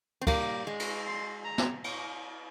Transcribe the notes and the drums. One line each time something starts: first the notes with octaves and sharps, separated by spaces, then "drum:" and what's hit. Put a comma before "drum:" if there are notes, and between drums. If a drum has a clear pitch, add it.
C4
G3 A#3 D6, drum: kick, cymbal
G#3
drum: cymbal
C6
A#5
drum: snare
drum: cymbal